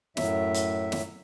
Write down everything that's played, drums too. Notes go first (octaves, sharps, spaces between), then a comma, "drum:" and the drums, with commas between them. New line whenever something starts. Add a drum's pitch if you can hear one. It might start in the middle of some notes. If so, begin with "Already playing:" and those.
F#2 A2 F#3 E5, drum: snare
drum: hi-hat
drum: snare